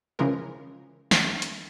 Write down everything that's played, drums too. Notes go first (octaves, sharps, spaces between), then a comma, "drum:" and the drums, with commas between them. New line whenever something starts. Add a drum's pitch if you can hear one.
C#3 E3 F3 G#3 A#4
drum: snare
drum: hi-hat